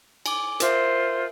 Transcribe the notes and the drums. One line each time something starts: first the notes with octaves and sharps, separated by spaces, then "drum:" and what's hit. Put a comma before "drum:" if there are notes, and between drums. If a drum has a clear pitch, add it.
G#5 D6, drum: cymbal
F4 A#4 C5 E5, drum: hi-hat